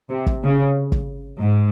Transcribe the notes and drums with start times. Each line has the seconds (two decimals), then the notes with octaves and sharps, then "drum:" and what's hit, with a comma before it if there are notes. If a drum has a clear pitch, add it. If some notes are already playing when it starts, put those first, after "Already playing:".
0.10 C3
0.26 drum: kick
0.43 C#3
0.92 drum: kick
1.41 G#2